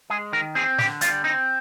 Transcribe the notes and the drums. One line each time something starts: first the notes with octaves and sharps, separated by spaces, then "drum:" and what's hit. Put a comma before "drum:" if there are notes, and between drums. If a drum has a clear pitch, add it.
G#3 G#4
D#3 A#4
C4 G#4
D3 G4, drum: snare
G3 F4, drum: hi-hat
C4 D#4